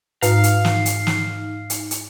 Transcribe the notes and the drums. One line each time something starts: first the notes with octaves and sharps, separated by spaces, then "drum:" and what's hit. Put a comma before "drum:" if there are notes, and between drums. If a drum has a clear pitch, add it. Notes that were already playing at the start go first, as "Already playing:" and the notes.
G#2 D#4 B4 F5, drum: hi-hat
drum: hi-hat
drum: snare
drum: hi-hat
drum: snare
drum: hi-hat
drum: hi-hat